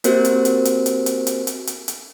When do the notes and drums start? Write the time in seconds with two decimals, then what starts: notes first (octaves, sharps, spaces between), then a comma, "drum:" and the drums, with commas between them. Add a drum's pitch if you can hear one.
0.04 A#3 C4 F#4 G4 A#4 C5, drum: hi-hat
0.25 drum: hi-hat
0.45 drum: hi-hat
0.65 drum: hi-hat
0.86 drum: hi-hat
1.06 drum: hi-hat
1.27 drum: hi-hat
1.47 drum: hi-hat
1.67 drum: hi-hat
1.88 drum: hi-hat